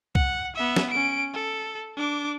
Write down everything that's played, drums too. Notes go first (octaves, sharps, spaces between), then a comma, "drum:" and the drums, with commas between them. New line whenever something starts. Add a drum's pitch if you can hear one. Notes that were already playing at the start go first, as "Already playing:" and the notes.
F#5, drum: kick C2
B3 E5
drum: snare
C#4 D7
A4
D4 D6